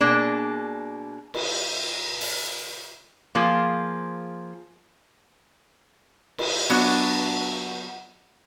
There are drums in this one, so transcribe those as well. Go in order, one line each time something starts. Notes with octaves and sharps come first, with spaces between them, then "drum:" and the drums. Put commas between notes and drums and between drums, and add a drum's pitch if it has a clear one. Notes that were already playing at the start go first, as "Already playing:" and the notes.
B2 A#3 D4 G#4
drum: cymbal
drum: open hi-hat
F3 A#3 F4 G#4
drum: cymbal
F#3 B3 D4 F#4, drum: cymbal